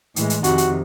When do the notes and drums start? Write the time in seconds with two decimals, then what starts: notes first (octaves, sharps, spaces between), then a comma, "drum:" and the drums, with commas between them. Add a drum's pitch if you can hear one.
0.16 A2 E3 G#3, drum: hi-hat
0.30 drum: hi-hat
0.44 F2 C3 D#3 F#4, drum: hi-hat
0.58 drum: hi-hat